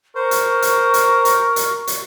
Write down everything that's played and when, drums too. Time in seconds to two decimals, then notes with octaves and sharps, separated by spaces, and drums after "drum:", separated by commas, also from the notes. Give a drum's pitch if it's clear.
0.16 A#4 C5 C#6
0.31 drum: hi-hat
0.62 drum: hi-hat
0.94 drum: hi-hat
1.25 drum: hi-hat
1.56 drum: hi-hat
1.87 drum: hi-hat